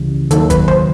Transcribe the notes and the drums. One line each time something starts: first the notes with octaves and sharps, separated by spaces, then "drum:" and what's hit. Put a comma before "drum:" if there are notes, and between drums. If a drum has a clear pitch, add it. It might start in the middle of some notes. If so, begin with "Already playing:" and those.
Already playing: C#2 C#3 E3 G3
D#2 D#3 F#3 A4, drum: hi-hat
B4, drum: kick, hi-hat
C5, drum: tom C#3